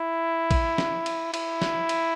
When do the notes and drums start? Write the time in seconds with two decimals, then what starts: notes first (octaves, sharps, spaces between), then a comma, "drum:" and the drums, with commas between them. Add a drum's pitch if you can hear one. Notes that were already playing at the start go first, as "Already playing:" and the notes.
Already playing: E4
0.51 drum: kick, cymbal
0.78 drum: snare
1.06 drum: cymbal
1.34 E4, drum: cymbal
1.62 drum: snare
1.89 drum: cymbal